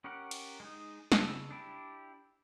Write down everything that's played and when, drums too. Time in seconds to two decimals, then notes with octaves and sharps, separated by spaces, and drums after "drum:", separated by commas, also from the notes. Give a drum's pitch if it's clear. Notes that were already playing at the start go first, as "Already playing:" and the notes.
0.04 C#4 G4 A#4 C#5 F#5
0.31 drum: cymbal
0.60 G#3 D#4
1.12 C#3 A5 E6, drum: snare
1.51 D4 E4 G4